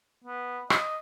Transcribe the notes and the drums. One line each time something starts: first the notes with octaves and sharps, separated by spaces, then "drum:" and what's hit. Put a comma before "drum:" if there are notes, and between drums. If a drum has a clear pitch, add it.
B3
D#5, drum: rim click